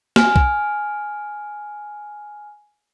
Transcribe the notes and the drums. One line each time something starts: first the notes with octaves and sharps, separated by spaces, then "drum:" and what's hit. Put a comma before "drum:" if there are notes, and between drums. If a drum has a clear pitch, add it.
G#5 F6, drum: snare
drum: kick B1